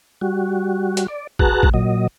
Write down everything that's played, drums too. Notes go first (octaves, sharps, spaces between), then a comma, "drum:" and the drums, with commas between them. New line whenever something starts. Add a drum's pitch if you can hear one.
G3 F#4
drum: hi-hat
D5
F#4 G#4 B4 A5 A#5 F#6, drum: kick A1
drum: kick A1
A#2 F#3 D#5